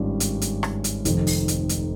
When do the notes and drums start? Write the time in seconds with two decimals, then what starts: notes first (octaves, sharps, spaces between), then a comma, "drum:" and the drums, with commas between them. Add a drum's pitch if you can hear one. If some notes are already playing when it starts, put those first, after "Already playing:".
Already playing: G#1 G2 G3 C#4 F4
0.20 drum: hi-hat
0.42 drum: hi-hat
0.63 drum: rim click
0.84 drum: hi-hat
1.05 F1 F2 D#3, drum: hi-hat
1.27 drum: open hi-hat
1.48 drum: hi-hat
1.69 drum: hi-hat